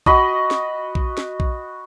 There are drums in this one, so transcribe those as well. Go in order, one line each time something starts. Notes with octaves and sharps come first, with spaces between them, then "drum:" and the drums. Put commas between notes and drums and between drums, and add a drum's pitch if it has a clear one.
F#4 D#5 B5 D#6, drum: kick A#1
drum: snare
drum: kick A#1
drum: snare
drum: kick A#1